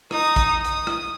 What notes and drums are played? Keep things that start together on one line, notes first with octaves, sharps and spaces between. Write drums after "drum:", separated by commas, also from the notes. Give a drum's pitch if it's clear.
D#4 D#6, drum: rim click
drum: kick, hi-hat
D#6, drum: hi-hat
drum: rim click